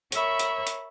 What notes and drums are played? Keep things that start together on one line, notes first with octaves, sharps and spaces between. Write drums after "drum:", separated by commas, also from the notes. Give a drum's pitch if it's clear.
A#4 C#5 E5 B5 C#6, drum: hi-hat
drum: hi-hat
drum: hi-hat